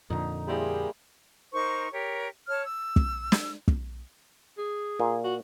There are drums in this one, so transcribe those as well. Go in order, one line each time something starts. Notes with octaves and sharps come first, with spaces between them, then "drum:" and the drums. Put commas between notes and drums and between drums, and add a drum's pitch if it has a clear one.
F2 A#2 D3 D#4 A#5
G3 A#3 E4 G#4 C5
D#4 A#4 C5 C#6
G4 A#4 C#5
C#5 A5 F6
E6
drum: kick
drum: snare
drum: kick
G#4
A#2
F#4